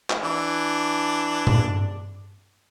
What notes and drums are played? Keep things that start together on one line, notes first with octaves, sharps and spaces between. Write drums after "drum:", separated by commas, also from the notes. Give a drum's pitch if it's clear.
drum: clap
E3 D4
drum: tom G2